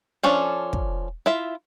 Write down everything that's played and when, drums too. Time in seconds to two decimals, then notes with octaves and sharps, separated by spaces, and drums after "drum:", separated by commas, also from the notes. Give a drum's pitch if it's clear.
0.23 F3 C#4 D4 A4
0.73 drum: kick
1.26 E4 F4 E5